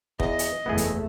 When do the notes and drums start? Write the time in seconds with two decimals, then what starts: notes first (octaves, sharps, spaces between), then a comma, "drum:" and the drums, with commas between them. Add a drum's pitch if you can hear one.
0.20 E2 D#5, drum: kick
0.39 drum: hi-hat
0.66 F#1 E2 A3 B3 E4 G#4
0.78 drum: hi-hat